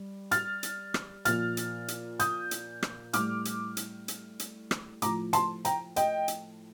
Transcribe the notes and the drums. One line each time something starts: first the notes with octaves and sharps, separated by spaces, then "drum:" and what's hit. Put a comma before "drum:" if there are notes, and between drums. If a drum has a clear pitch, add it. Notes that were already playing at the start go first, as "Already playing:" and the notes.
Already playing: G3
F6 A6, drum: hi-hat
drum: hi-hat
drum: rim click
A#2 F3 F6 A6, drum: hi-hat
drum: hi-hat
drum: hi-hat
D#6 G6, drum: hi-hat
drum: hi-hat
drum: rim click
A2 G3 D6 F6, drum: hi-hat
drum: hi-hat
drum: hi-hat
drum: hi-hat
drum: hi-hat
drum: rim click
A2 F3 A#5 D6, drum: hi-hat
A5 C6, drum: hi-hat
G5 A#5, drum: hi-hat
D#5 G5, drum: hi-hat
drum: hi-hat